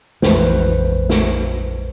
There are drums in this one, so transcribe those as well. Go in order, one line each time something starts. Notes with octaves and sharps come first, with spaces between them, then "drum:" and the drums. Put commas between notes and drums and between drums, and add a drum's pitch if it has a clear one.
A#1 F2 E3 G#3 B4 C5, drum: snare
drum: snare